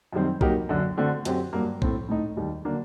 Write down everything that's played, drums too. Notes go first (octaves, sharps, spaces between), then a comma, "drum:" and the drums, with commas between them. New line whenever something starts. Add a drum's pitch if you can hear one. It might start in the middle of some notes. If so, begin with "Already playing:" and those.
F#2 D#3 G3 C4
F#3 A#3 D#4 G4 A#4, drum: kick
F#2 D3 F#3
D3 A3 C4 F#4
F#2 F#3 C4 G4, drum: hi-hat
G2 F#3 A#3
A2 A3 C4, drum: kick
A2 A3 D#4
D#2 D#3 G3
D3 F#3 A#3 D4